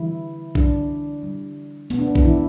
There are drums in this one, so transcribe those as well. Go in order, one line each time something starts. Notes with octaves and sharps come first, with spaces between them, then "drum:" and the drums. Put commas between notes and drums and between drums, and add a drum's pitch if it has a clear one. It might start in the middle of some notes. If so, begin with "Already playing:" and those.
Already playing: D3 E3 G3 E4
D3 G3 D4, drum: kick A#1
D3 G3
B2 A3 B3, drum: open hi-hat
D4
B3
D4, drum: kick A#1
E3 E4